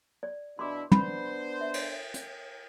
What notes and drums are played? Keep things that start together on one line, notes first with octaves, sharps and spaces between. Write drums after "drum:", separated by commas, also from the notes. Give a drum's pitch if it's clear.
D5
B2 D4 E4 C6 D6
B3 D4 C5 B5, drum: tom
E5
drum: cymbal
drum: hi-hat